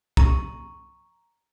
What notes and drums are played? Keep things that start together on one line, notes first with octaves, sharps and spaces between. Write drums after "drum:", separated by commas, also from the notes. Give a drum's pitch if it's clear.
A#5 C#6, drum: kick